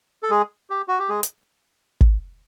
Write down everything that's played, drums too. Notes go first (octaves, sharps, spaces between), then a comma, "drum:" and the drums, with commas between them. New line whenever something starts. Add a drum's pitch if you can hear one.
A4
G#3 G#4
G4
F#4
G4
G#3 G#4
drum: hi-hat
drum: kick